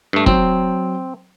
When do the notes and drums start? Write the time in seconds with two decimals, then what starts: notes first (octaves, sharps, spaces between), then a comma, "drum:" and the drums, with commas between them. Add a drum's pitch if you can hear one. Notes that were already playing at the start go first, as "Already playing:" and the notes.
0.13 G2 A3
0.26 F#3 C4, drum: kick